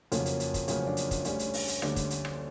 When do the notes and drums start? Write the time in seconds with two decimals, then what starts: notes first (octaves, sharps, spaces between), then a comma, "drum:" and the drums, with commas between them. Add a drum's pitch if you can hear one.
0.12 F#1 F2 C#3 F#3 A#3 C#4, drum: hi-hat
0.26 drum: hi-hat
0.40 drum: hi-hat
0.54 drum: kick, hi-hat
0.68 F#1 F2 C#3 F#3 A#3 C#4, drum: hi-hat
0.87 D4
0.97 drum: hi-hat
1.11 drum: kick, hi-hat
1.25 D2 D3 G3 C#4, drum: hi-hat
1.39 drum: hi-hat
1.54 drum: open hi-hat
1.68 drum: hi-hat
1.82 D2 D3 G3 D4, drum: rim click
1.96 drum: kick, hi-hat
2.10 drum: hi-hat
2.25 drum: rim click